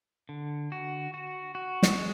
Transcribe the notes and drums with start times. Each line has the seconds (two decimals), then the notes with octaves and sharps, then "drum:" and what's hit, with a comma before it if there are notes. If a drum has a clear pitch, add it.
0.29 D3
0.72 F#4
1.14 F#4
1.55 F#4
1.83 drum: snare
1.98 G#3